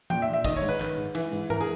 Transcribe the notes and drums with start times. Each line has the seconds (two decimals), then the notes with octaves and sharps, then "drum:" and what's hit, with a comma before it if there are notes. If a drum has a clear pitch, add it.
0.10 A#2 G5, drum: tom E3
0.22 E5
0.28 A#2
0.33 E5
0.45 D#3 D#5, drum: kick, cymbal
0.57 C#5
0.62 G#2
0.69 B4
0.81 D#3, drum: clap
0.97 G#2
1.15 E3, drum: cymbal
1.32 G#2
1.50 E3 A#4, drum: tom G#2
1.61 G#4